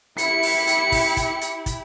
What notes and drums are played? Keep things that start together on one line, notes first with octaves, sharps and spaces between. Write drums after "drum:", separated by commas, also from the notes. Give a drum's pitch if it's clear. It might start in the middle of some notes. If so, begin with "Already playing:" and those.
E4 G4 C#7, drum: hi-hat
drum: open hi-hat
drum: hi-hat
drum: kick, open hi-hat
drum: kick, hi-hat
drum: hi-hat
drum: kick, hi-hat